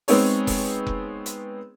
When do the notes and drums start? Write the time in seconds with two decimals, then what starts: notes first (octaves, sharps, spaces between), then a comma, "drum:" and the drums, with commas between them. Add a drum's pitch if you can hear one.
0.08 G#3 B3 C4 D#4 G#4 C#5, drum: open hi-hat
0.47 drum: kick F1, open hi-hat
0.87 drum: kick F1
1.26 drum: hi-hat